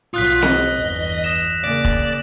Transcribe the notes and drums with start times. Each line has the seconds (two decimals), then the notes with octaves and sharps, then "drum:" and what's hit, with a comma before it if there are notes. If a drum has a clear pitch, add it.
0.14 B1 F#3 F4 D#6 F#6 B6
0.42 D#5 F6, drum: snare C4
0.80 G1 E2
1.24 D#6 A#6 E7
1.64 C#3 A#3 D5
1.85 drum: kick E1